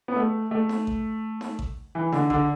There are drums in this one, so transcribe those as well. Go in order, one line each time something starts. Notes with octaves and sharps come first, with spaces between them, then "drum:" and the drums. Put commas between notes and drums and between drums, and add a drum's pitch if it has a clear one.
B3
A3
A3
drum: snare D#4
drum: kick A1
drum: snare D#4
drum: kick A1
E3
D3, drum: snare D#4
D3, drum: kick A1